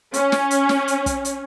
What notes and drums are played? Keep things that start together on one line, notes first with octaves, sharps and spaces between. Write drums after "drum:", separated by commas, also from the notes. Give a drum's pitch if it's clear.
C#4, drum: hi-hat
drum: snare
drum: hi-hat
drum: snare
drum: hi-hat
drum: kick, hi-hat
drum: hi-hat